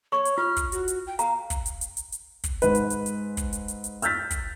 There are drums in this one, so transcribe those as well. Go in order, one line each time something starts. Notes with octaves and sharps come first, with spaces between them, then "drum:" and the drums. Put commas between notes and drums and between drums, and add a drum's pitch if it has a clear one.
C#5 C#6
drum: hi-hat
F4 F6
drum: kick, hi-hat
F#4, drum: hi-hat
drum: hi-hat
G5
F5 A#5, drum: hi-hat
drum: kick, hi-hat
drum: hi-hat
drum: hi-hat
drum: hi-hat
drum: hi-hat
drum: kick, hi-hat
G#2 B4, drum: hi-hat
drum: hi-hat
drum: hi-hat
drum: hi-hat
drum: kick, hi-hat
drum: hi-hat
drum: hi-hat
drum: hi-hat
E6 F6 G6 A6 B6, drum: hi-hat
drum: kick, hi-hat